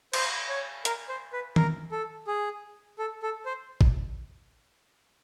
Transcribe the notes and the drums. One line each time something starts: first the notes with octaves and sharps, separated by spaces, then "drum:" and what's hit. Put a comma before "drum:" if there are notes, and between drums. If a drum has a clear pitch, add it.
C5, drum: cymbal
C#5
A#4, drum: hi-hat
C5
B4
A#4, drum: tom D#3
A4
G#4
A4
A4
C5
drum: kick